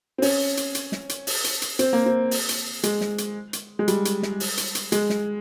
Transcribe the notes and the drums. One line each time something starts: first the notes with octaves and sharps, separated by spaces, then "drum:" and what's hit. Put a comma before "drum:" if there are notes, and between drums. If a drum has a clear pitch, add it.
C4
C#4, drum: open hi-hat
drum: hi-hat
drum: hi-hat
drum: snare
drum: hi-hat
drum: open hi-hat
drum: hi-hat
drum: hi-hat
C4, drum: hi-hat
A#3
C4
drum: open hi-hat
drum: hi-hat
G#3, drum: hi-hat
drum: snare
drum: hi-hat
drum: hi-hat
G#3
G3, drum: hi-hat
drum: hi-hat
drum: snare
drum: open hi-hat
drum: hi-hat
drum: hi-hat
G#3, drum: hi-hat
drum: snare